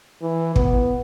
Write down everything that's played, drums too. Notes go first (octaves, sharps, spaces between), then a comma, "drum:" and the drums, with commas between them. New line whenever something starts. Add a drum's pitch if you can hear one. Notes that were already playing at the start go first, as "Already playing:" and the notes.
E3
B3, drum: kick